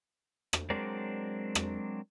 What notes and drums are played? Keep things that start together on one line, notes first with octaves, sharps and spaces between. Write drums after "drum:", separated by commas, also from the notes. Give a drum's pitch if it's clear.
drum: rim click
F#3 G#3 C4 D4 A#4 D5
drum: rim click